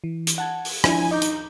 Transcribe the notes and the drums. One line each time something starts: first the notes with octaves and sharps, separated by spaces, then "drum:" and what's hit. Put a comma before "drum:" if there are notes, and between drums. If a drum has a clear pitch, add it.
E3
drum: hi-hat
F#5 A5 G#6
drum: open hi-hat
F3 D4 E4 G#5, drum: rim click
D#4 D#5 D6 G6
drum: hi-hat